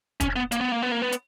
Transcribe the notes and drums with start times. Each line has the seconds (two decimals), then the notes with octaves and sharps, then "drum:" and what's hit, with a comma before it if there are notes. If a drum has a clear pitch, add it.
0.20 C#4, drum: kick, hi-hat
0.36 B3
0.52 A#3, drum: hi-hat
0.61 B3
0.72 A#3
0.82 B3
0.91 A#3
1.02 B3
1.12 drum: hi-hat